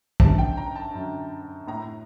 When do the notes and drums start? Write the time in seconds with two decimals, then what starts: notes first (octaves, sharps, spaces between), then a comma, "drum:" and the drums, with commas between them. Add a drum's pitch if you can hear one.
0.20 F#2 D3 A5, drum: kick
0.38 G5
0.57 A#5
0.75 A5
0.94 F#2 D3
1.68 A2 A#5